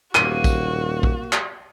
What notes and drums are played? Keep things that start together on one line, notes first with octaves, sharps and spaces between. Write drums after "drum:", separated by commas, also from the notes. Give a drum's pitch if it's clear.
D#1 A#3 C4 F#4 G4 D#7, drum: clap
drum: kick A#1, tambourine
drum: kick A#1
drum: clap